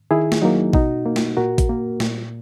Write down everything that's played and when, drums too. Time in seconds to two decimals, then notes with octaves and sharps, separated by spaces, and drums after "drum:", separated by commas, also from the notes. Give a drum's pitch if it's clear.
0.11 D#3 E4 G#4
0.32 drum: snare
0.42 F#3 A#3 D#4
0.73 B2 D#4 F#4, drum: kick A1
1.06 A#3
1.16 drum: snare
1.37 A#2 F#4 A#4
1.58 drum: kick A1, hi-hat
1.69 A#3
2.00 A#2, drum: snare